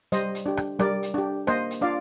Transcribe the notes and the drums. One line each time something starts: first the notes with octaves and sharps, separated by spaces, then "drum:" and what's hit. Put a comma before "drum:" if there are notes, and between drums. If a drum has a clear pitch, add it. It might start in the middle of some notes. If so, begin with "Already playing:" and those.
G3 C5 D#5, drum: hi-hat
drum: hi-hat
D4 G4
drum: rim click
G3 A#4 D5, drum: rim click
drum: hi-hat
D4 G4
A#3 C5 D#5, drum: rim click
drum: hi-hat
D4 F4 D5 F5